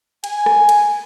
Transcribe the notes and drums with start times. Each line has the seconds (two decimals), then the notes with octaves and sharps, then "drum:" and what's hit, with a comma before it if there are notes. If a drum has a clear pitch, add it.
0.24 G#5, drum: cymbal
0.46 drum: rim click
0.69 drum: cymbal